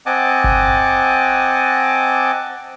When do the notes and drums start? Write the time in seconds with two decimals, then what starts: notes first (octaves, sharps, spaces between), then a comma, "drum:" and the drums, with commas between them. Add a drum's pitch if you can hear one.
0.06 C4 D#5 F#5 G#5 A5 D6
0.44 drum: kick G1